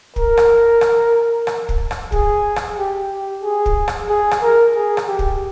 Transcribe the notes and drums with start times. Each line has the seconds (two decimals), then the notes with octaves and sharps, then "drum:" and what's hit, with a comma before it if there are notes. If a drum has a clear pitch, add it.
0.16 A#4, drum: kick
0.37 drum: rim click
0.81 drum: rim click
1.47 drum: rim click
1.69 drum: kick
1.91 drum: rim click
2.12 G#4, drum: kick
2.56 drum: rim click
2.78 G4
3.11 G4
3.43 G#4
3.66 drum: kick
3.88 drum: rim click
4.09 G#4
4.31 drum: rim click
4.42 A#4
4.76 G#4
4.97 drum: rim click
5.08 G4
5.19 drum: kick